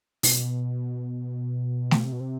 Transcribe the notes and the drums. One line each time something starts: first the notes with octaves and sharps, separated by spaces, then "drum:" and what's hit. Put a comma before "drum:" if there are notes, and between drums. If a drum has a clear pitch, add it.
B2, drum: open hi-hat
drum: snare A3
C3
B2
C3